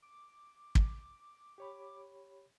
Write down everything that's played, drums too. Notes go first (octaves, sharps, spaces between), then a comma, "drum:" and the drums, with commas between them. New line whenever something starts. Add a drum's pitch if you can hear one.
D6
drum: kick
G4 C#5 B5